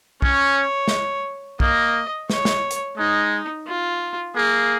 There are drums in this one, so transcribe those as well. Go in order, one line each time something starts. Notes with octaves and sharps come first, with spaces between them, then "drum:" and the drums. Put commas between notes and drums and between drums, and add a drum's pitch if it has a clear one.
C#4 C#5, drum: kick
drum: snare
A#3 D#5, drum: kick
C#5, drum: snare
drum: snare
drum: hi-hat
G#3 D#4
F4
A#3 G#4